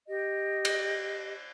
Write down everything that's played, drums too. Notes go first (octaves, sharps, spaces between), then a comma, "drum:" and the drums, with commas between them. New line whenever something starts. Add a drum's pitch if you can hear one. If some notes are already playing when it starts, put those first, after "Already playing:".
G4 D#5
drum: cymbal